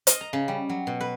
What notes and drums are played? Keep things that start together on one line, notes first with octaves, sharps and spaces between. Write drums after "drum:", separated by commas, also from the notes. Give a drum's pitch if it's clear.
D#5, drum: hi-hat
A#5
C#3
G3
F#3
B2
B4